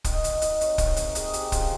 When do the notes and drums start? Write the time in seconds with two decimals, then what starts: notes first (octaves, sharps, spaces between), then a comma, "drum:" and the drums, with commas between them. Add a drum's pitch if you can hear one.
0.04 D#3 D#5, drum: kick, hi-hat
0.24 D#3, drum: hi-hat
0.42 D#3 D#5, drum: hi-hat
0.61 C3 C#5, drum: hi-hat
0.78 D#3 C#5, drum: kick, hi-hat
0.97 C3 A#4, drum: hi-hat
1.15 D#3 G#4, drum: hi-hat
1.33 C3 G4, drum: hi-hat
1.52 C#3 F4, drum: kick, hi-hat